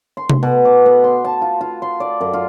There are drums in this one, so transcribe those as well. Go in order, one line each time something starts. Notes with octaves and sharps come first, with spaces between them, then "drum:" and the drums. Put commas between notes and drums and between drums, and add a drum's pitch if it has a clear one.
C6
drum: tom C3
B2
D6
B3
C6
A5
F4
F4
C6
D5
F#2
F4